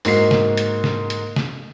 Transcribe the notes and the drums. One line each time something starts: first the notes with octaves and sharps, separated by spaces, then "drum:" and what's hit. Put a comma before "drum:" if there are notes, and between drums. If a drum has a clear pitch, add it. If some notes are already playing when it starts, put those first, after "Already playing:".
G#2 A#3 F#4 C7, drum: open hi-hat
drum: snare
drum: hi-hat
drum: snare
drum: hi-hat
drum: snare